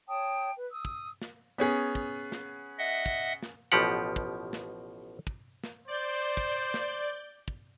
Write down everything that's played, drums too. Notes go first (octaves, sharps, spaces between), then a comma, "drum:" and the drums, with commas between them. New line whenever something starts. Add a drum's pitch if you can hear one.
C#5 G5 A5 D#6
B4
D#6 E6
drum: kick
drum: snare
B3 C#4 G#4
drum: kick
drum: snare
D#5 E5 F#5
drum: kick
drum: snare
A1 B2 F3 G4 F#5
drum: kick
drum: snare
drum: kick
drum: snare
C5 D5 G6
drum: kick
drum: snare
drum: kick